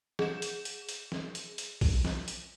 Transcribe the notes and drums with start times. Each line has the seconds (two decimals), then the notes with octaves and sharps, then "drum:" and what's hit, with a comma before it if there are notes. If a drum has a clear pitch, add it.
0.19 G#4 E7, drum: snare
0.42 drum: hi-hat
0.65 drum: hi-hat
0.89 drum: hi-hat
1.12 drum: snare
1.35 drum: hi-hat
1.58 drum: hi-hat
1.81 drum: kick, open hi-hat
2.05 drum: snare
2.28 drum: hi-hat